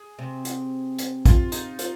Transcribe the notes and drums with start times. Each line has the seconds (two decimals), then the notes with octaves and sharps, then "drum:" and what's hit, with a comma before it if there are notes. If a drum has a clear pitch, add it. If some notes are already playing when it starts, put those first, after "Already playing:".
Already playing: G#4
0.19 C3
0.45 drum: hi-hat
0.99 drum: hi-hat
1.26 F4, drum: kick, hi-hat
1.52 D#4, drum: hi-hat
1.79 F4, drum: hi-hat